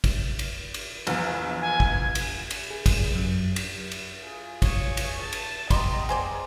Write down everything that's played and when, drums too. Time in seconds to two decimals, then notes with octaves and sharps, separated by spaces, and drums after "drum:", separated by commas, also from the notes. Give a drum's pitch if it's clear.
0.04 drum: kick, cymbal
0.39 drum: cymbal
0.74 drum: cymbal
1.07 A#1 E2, drum: cymbal
1.61 G#5
1.80 drum: kick
1.94 G#6
2.15 drum: cymbal
2.51 drum: cymbal
2.70 G#4
2.86 drum: kick, cymbal
3.15 F#2
3.56 drum: cymbal
3.91 drum: cymbal
4.23 F4 G#4
4.62 C#5, drum: kick, cymbal
4.97 drum: cymbal
5.22 A5
5.32 drum: cymbal
5.70 B3 D#5 G5 A#5 C6, drum: kick, cymbal
6.09 G#4 C5 D5